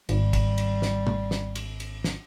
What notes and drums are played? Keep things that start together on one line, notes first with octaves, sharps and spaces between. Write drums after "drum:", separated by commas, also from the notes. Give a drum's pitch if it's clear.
G#1 G3, drum: cymbal
drum: kick, cymbal
drum: cymbal
drum: snare
drum: tom
drum: snare
drum: cymbal
drum: cymbal
drum: snare